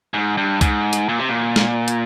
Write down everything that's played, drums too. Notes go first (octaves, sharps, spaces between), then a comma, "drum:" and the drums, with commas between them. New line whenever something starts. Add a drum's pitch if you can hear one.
G#2
G2
G#2, drum: kick, hi-hat
drum: hi-hat
A#2
C3
A#2
drum: snare
drum: hi-hat